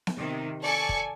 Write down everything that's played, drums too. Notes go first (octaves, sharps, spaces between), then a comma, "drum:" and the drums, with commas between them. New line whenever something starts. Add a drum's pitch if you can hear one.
drum: snare B3
C3 D#3
A4 D5 G#5 C#6 C#7
drum: kick